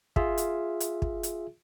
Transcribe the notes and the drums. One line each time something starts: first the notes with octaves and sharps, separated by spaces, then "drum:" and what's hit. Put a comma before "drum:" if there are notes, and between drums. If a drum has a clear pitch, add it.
F4 G#4 E5, drum: kick
drum: hi-hat
drum: hi-hat
drum: kick
drum: hi-hat